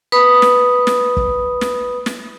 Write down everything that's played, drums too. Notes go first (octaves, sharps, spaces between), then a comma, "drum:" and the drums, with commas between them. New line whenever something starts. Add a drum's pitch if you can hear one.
B4 B5 D#6
drum: snare
drum: snare
drum: kick
drum: snare
drum: snare